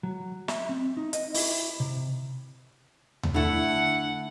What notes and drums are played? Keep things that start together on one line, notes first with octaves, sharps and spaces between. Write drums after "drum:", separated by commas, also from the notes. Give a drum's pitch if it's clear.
F#3
E5, drum: snare
C4
D#4
D#5, drum: hi-hat
E4, drum: open hi-hat
C3
drum: tom D#2
D3 A3 E4 F#5